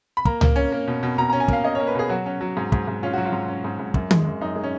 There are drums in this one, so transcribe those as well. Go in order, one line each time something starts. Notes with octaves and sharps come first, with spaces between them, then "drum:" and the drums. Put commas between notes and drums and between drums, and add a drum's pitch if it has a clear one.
B5
A#3 A#5, drum: kick
A#3, drum: tom C#2
C#4
A#3
B2
B2
B2 A#5
C#4 A#5
G#5
A#3 F5, drum: kick
C#4 D#5
A#3 C#5
B4
B2 G#4
F#3 F#4
C#4
F#3
G#2
G#2, drum: kick
G#2
C#4 F4
F#3 F#4
F4
G#2
C#4
G#2
G#2
F#2, drum: kick
G#3, drum: tom D#3
F#2
F#2 D#4
G#3
C#4